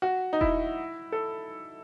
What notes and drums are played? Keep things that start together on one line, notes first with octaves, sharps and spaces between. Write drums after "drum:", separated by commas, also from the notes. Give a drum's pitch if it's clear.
F#4
D#4
E4, drum: kick E1
A4